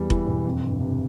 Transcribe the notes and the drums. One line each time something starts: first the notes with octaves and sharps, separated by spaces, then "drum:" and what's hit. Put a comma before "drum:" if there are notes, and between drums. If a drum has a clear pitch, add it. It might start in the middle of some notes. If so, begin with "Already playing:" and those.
Already playing: E2 G3
E3, drum: kick F1
E1
F2
G1
C3